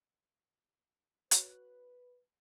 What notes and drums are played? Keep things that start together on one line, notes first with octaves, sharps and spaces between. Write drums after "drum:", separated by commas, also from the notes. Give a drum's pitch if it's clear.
F#4 B4 C#5 F#6, drum: hi-hat